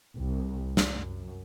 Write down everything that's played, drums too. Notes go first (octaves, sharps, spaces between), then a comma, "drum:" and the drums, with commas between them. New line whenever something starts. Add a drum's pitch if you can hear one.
C2
drum: snare
F#2